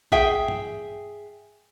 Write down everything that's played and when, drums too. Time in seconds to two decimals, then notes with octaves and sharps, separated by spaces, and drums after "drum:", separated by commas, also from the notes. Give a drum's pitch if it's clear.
0.12 G#4 E5 G5, drum: kick
0.48 drum: tom G2